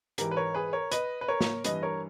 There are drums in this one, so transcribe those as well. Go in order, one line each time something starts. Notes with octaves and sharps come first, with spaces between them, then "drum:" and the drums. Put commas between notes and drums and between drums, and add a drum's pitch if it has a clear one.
G#2 E3 G4 A#4, drum: hi-hat
B4
A#4 C#5
G#4 B4
A#4 C#5
B4 D#5, drum: hi-hat
B4
A#4 C#5
drum: snare
G2 E3 B4 D#5, drum: hi-hat
A#4 C#5